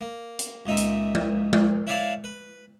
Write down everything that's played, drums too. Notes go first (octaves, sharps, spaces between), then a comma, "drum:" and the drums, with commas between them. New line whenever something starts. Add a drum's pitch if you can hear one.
A#3
drum: hi-hat
C#2 A#2 D#4 E5
drum: hi-hat
drum: tom G#3
drum: tom G#3
E4 B4 C#5 D5 F5 A5
B4